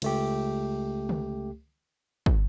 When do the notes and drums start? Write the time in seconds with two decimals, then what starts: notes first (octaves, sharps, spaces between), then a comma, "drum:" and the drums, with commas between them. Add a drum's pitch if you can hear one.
0.02 C#2 A3 G4, drum: cymbal
1.09 drum: tom D3
2.26 drum: kick